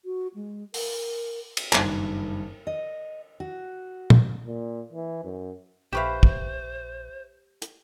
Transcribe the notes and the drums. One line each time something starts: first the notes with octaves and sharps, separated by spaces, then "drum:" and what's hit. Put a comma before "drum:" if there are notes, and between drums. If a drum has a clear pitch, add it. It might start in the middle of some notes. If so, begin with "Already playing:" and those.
F#4
G#3
A#4, drum: open hi-hat
drum: cymbal
F#1 G2 D#3, drum: clap
D#5
F#4
drum: tom
A#2
E3
F#2
A#1 G4 B4 C5 E5 F5 C#6 E7
drum: kick
drum: hi-hat